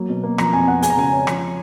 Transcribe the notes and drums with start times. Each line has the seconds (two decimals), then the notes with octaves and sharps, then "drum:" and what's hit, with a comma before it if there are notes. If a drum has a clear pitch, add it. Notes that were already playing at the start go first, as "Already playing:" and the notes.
Already playing: F#3 A#3
0.09 B2
0.23 A#3
0.38 F3 A#5, drum: rim click
0.53 F2 G#5
0.68 B3 F#5
0.82 G#3 G#5, drum: hi-hat
0.90 A#5
0.97 C#3 G#5
1.12 C#4
1.27 F3, drum: rim click